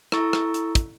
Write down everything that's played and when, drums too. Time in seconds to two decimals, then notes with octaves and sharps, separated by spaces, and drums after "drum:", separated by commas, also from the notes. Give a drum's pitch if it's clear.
0.12 E4 A4 A#5 C#6 E6 A6, drum: rim click
0.33 drum: rim click
0.54 drum: hi-hat
0.75 drum: kick, hi-hat